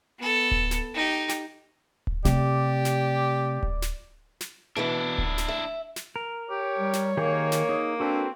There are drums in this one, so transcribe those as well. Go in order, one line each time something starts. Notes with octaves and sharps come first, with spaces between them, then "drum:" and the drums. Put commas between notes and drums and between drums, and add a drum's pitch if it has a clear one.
B3 A4
drum: kick D1
drum: snare
D#4 G4
drum: snare
drum: kick D1
C3 A3 G4 D5, drum: snare
drum: snare
drum: kick D1
drum: snare
drum: snare
B2 E3 B3 D4 E4
drum: kick D1
drum: snare
E5
drum: snare
A#4
G4 C#5
G3
drum: snare
D#3 A#3 G4 G#4 A#4
drum: snare
D#4 G#4
C4 D4 F#4 A4 B4